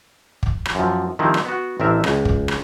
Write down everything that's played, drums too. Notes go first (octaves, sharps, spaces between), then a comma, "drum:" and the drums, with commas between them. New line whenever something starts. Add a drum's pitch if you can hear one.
drum: kick
drum: rim click
F#2 F3
D#3 F3 G3 C4 D#4 E4
drum: rim click
B3 F#4
A1 C4 D4 A#4 E5
C#2 D#5, drum: rim click
drum: kick
drum: rim click